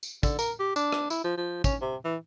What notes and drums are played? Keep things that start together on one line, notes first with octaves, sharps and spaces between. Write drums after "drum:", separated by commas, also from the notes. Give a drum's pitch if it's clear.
drum: tambourine
D3, drum: kick, tambourine
A#4, drum: tambourine
G4
D4, drum: tambourine
drum: rim click
E4, drum: tambourine
F3
F3
C#4, drum: kick, tambourine
C3
E3